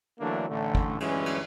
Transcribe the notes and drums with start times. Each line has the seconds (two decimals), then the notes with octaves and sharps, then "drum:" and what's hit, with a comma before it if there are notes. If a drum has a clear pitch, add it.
0.19 D3 E3 F#3 A3 A#3 D4
0.49 A1 D3 A3
0.75 drum: kick
1.00 D2 G2 E3 F#3 G#3 C#4, drum: cymbal
1.26 drum: cymbal